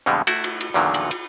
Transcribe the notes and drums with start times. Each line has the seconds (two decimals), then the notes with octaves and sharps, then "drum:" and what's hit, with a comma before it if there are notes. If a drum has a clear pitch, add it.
0.06 F2 B2 D3 G3 G#3
0.27 A3 E4 F#4, drum: cymbal
0.44 drum: cymbal
0.61 drum: cymbal
0.74 E2 A#2 D3 D#3 F#3
0.94 drum: cymbal
1.11 drum: cymbal